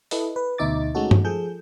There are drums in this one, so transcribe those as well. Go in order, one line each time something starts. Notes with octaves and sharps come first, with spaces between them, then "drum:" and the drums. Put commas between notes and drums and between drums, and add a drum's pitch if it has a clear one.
E4 A4 B4 D#5, drum: open hi-hat
B4
D2 B2 D#4 E5 D6 A6
G#3 A3 C#4 D#4 F#4 A4
drum: tom G2
F3 G#4 A4 G6